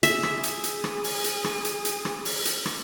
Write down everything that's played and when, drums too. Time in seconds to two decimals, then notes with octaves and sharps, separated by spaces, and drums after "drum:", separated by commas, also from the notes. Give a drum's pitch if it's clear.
0.03 G#4 E5, drum: hi-hat
0.23 drum: rim click
0.43 drum: hi-hat
0.64 drum: hi-hat
0.84 drum: rim click
1.04 drum: open hi-hat
1.24 drum: hi-hat
1.44 drum: rim click
1.65 drum: hi-hat
1.85 drum: hi-hat
2.05 drum: rim click
2.25 drum: open hi-hat
2.45 drum: hi-hat
2.65 drum: rim click